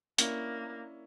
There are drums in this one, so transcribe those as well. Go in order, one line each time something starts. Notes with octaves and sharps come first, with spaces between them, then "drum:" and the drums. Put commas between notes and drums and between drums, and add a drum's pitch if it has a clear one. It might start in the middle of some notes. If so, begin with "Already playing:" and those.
A#3 C#4 D4 E4, drum: hi-hat